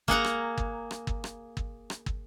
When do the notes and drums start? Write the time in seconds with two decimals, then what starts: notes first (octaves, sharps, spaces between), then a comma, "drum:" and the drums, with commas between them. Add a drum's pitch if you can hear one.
0.08 A#3 G#4 F#5 A#5, drum: kick
0.24 drum: rim click
0.58 drum: kick
0.91 drum: rim click
1.07 drum: kick
1.24 drum: rim click
1.57 drum: kick
1.90 drum: rim click
2.06 drum: kick